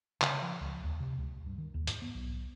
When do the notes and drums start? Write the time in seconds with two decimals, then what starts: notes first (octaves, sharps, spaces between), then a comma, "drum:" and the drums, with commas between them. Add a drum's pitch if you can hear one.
0.22 C#3, drum: clap
0.42 F3
0.61 C#2
0.83 D#2
1.00 C3
1.18 C#2
1.46 G2
1.58 D#3
1.74 D#2
1.87 G#2, drum: hi-hat
2.02 B3
2.15 B1